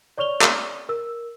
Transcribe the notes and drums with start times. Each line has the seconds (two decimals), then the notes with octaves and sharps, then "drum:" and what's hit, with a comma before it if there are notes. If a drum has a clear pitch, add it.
0.18 C#5 D5 C#6 F6 F7 G7
0.42 drum: clap
0.89 A#4 E6